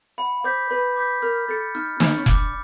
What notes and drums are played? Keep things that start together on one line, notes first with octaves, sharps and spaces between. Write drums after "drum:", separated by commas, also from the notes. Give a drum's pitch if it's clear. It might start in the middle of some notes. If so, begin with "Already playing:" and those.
F#5 B5
C5 D6 G6 B6
B4 B5
D6 G6 B6
A#4 F6
A4 A6 C#7
D#4 F6
D#4 A6 C#7, drum: snare
C#4
D4 D6, drum: kick F1